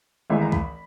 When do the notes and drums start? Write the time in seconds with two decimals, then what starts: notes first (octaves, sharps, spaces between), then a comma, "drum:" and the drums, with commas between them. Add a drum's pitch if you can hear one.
0.30 G#1 G#2 E3 E5
0.41 A#5
0.52 B5, drum: kick C#2